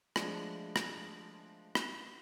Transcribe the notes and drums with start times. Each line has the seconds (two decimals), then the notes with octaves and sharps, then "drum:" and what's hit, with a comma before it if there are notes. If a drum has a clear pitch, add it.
0.16 F3 G#3 A3 D4, drum: rim click
0.76 drum: rim click
1.75 drum: rim click